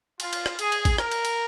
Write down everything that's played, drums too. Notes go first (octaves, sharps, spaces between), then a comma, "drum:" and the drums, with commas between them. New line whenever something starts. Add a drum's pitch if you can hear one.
F4, drum: cymbal
drum: cymbal
drum: rim click
G#4, drum: cymbal
drum: cymbal
drum: kick, cymbal
A#4, drum: rim click
drum: cymbal
drum: cymbal